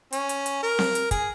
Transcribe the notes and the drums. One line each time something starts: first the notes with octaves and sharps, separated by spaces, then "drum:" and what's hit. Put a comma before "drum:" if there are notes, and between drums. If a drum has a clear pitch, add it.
C#4, drum: hi-hat
drum: hi-hat
drum: hi-hat
A#4
drum: snare C4
drum: hi-hat
G#4, drum: kick, hi-hat